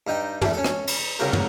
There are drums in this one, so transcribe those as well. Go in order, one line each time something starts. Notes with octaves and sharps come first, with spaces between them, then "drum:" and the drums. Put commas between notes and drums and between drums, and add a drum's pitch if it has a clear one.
G2 D#4 G5
E2 G2 A3, drum: tom
C#4 A4
drum: rim click
drum: cymbal
C2 C#3 F#3 G4 A#4 C#6
drum: tom